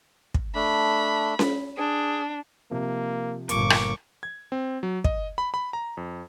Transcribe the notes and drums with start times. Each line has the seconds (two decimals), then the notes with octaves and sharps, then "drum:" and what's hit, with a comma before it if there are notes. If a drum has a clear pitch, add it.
0.34 drum: kick
0.55 A3 D4 B5
1.39 drum: snare C#4
1.78 D4 G#4
2.71 C3 F3 A#3
3.49 G1 A#2 A#3 C#6 D6, drum: hi-hat
3.70 drum: rim click
4.23 G#6
4.52 C4
4.83 F#3
5.04 D#5, drum: kick
5.38 B5
5.54 B5
5.73 A#5
5.97 F2